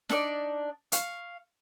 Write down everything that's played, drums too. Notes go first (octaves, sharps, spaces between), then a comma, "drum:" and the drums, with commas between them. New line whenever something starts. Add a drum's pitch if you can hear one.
D4 D#4 A4 D5, drum: snare
F5 C#6, drum: hi-hat